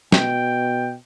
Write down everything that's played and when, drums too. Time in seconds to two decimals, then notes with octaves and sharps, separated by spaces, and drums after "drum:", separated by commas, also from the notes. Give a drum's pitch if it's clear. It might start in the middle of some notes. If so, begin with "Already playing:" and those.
0.12 B2 G5, drum: snare